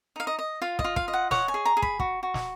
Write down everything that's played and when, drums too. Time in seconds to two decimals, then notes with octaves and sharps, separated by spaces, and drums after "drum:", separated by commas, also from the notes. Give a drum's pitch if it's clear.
0.16 D#4 F5
0.27 D#5
0.39 D#5
0.62 F4 F5
0.79 D#5, drum: kick
0.84 F4
0.96 F5, drum: kick
1.08 D#5
1.13 F#5
1.31 C#5 F#5, drum: snare
1.48 G#5
1.54 G#4
1.65 A#5
1.77 G#4
1.82 B5, drum: kick
2.00 F#4, drum: kick
2.23 F#4
2.34 drum: snare